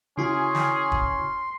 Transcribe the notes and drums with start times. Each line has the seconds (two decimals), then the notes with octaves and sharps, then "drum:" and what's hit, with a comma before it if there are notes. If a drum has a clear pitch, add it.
0.18 C#3 C#4 E4 F#4 G#4 C6
0.55 drum: snare
0.92 drum: kick